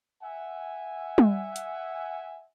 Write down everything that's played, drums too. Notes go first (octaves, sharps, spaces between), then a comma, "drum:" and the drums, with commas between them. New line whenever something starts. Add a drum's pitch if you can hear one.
E5 F#5 G#5
drum: tom G3
drum: hi-hat